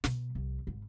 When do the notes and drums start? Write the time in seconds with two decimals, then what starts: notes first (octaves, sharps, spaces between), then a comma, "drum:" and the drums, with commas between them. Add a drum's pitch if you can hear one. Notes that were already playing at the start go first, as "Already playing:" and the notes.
0.04 B2, drum: snare
0.35 C2 F3
0.67 G#1